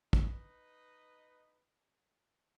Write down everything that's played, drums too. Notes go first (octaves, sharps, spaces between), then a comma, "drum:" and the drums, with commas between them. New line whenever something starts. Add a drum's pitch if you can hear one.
D#4 B4 D#5, drum: kick